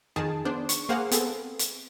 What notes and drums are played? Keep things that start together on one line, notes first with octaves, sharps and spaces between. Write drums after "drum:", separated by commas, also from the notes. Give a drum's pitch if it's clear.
F2 D#3 G#4 A5
B3 D4 C5
C#6, drum: hi-hat
A#3 G#4 C5 F5 F#5
B3 C4 G#4 A4, drum: hi-hat
drum: hi-hat